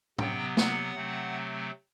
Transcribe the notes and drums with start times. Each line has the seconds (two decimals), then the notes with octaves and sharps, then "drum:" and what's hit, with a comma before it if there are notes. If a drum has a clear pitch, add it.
0.18 C3 F#3 B3 G5, drum: tom
0.57 F#5, drum: snare
0.95 C3 F#3 A3 C4